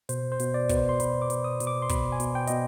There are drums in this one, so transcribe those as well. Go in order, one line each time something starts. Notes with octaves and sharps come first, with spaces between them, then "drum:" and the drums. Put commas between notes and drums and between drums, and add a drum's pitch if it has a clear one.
B2 C5, drum: hi-hat
C5
B2, drum: hi-hat
D5
B2 B4, drum: kick, hi-hat
C5
C6
B2 B5, drum: hi-hat
D6
B2, drum: hi-hat
D#6
B2, drum: hi-hat
D6
C6
B2 B5, drum: kick, hi-hat
G#5
B2, drum: hi-hat
G5
B2 D#5, drum: hi-hat